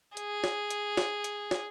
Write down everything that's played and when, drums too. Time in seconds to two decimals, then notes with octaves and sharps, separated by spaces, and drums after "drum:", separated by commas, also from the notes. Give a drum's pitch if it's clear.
0.17 G#4, drum: hi-hat
0.44 drum: snare
0.71 drum: hi-hat
0.97 drum: snare
1.24 drum: hi-hat
1.51 drum: snare